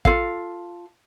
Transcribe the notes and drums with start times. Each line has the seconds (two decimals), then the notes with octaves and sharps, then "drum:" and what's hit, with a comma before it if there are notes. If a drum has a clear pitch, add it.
0.05 F4 A4 F5, drum: kick